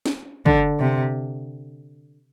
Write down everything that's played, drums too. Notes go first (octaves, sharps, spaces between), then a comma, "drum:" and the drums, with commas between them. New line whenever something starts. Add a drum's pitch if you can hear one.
drum: snare
D3, drum: kick
C3